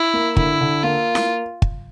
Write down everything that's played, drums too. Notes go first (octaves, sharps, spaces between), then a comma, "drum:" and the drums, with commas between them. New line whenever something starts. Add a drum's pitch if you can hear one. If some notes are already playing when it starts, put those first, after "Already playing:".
Already playing: E4
A#3
D3 E4, drum: kick
D3
A#3 F4
drum: snare E4
drum: kick